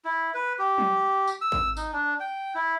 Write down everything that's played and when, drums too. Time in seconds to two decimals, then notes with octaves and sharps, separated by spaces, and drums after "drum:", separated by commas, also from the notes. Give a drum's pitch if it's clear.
0.05 E4
0.34 B4
0.59 G4
0.78 drum: tom F3
1.27 drum: tambourine
1.41 E6
1.52 drum: kick G#1
1.77 D#4, drum: tambourine
1.93 D4
2.20 G5
2.55 E4